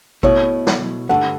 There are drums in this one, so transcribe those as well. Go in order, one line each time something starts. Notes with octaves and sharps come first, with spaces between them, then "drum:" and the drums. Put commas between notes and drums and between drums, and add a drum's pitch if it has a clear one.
B2 A3 E4 C#5, drum: kick G#1
drum: snare
G2 D3 A3 F#5